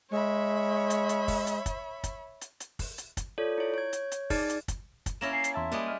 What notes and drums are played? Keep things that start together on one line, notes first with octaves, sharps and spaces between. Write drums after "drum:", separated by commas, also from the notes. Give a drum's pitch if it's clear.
G#3 C#5 E5 B5
drum: hi-hat
drum: hi-hat
drum: kick, open hi-hat
drum: hi-hat
drum: kick, hi-hat
drum: kick, hi-hat
drum: hi-hat
drum: hi-hat
drum: kick, open hi-hat
drum: hi-hat
drum: kick, hi-hat
F4 A4 C#5 D5
E4 C#5
C#5 G#6
drum: hi-hat
drum: hi-hat
D#4 G#4 D5, drum: kick, open hi-hat
drum: hi-hat
drum: kick, hi-hat
drum: kick, hi-hat
A#3 C#4 E4 A6 A#6 E7
G#5 C7
drum: hi-hat
E2 E5 A5 A#5 C6 E6 A6
G3 G#3 A#3 G4 D#6
D#5 F6 D#7